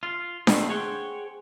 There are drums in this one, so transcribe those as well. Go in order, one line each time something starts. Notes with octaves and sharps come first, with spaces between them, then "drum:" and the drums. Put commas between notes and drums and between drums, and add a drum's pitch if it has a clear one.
F4
C2 B2 D#3 F3 A3 C4, drum: snare D4
G#4 C5 C#5 F#5 G5